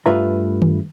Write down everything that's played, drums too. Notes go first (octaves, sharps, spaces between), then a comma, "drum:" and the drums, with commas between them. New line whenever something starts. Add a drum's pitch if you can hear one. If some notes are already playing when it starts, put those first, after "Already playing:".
G2 A3 F4 B4 E5 A#5
drum: tom D#3